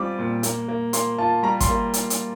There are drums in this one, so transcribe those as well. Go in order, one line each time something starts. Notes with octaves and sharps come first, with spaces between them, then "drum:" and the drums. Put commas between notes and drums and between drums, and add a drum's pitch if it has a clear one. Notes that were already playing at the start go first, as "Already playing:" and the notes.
Already playing: G3 C4 F4 D6
A#2
A#3, drum: hi-hat
A#3
A#3 C6, drum: hi-hat
F4 A5
G3 A#5
C6, drum: kick, hi-hat
A#3
drum: hi-hat
drum: hi-hat